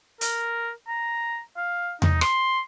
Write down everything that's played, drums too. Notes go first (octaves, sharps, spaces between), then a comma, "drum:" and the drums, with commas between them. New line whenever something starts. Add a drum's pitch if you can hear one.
A#4, drum: hi-hat
A#5
F5
D#4, drum: tom E2
C6, drum: rim click